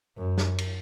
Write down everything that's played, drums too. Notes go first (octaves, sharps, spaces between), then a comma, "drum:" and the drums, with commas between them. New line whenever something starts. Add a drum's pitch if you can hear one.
F#2
drum: snare
drum: cymbal